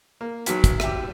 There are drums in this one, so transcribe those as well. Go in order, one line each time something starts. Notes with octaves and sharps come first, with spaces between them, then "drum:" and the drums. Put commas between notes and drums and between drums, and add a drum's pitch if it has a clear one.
A#3
B1 F#3 F#4 B6, drum: hi-hat
drum: kick, hi-hat
G4 E5, drum: rim click